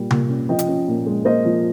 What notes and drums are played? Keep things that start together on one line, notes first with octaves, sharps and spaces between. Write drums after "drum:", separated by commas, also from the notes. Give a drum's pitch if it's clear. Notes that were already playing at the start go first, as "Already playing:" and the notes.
Already playing: A#2 G3
A#2, drum: tom C3
C#4
F3 D#5 G5
drum: hi-hat
C#4
A#2
G#3
A#3 C5 D#5
F3